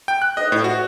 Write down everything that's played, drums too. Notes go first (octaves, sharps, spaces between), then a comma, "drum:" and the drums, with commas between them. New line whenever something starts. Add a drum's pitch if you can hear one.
G5
F#6
D#5, drum: cymbal
A2
F#4